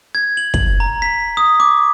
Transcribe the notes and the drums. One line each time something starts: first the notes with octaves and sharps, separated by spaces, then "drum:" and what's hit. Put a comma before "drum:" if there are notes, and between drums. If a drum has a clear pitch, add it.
G#6
F#7
F#7, drum: kick
A#5
B6
D#6
D6